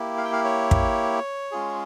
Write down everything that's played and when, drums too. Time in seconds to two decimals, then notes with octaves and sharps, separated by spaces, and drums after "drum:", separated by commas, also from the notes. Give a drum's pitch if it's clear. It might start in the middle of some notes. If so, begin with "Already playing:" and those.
Already playing: A#3 E4 G4
0.17 F5
0.24 G5
0.32 F5
0.44 C#5
0.71 drum: kick
1.52 G#3 C#4 F4 G#4